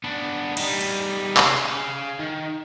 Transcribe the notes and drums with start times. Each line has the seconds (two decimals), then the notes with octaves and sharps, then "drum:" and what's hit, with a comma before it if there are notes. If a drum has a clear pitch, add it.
0.04 B3 D4
0.57 G3 D#4, drum: cymbal
0.81 drum: cymbal
1.37 G#4 F5, drum: clap
2.19 D#3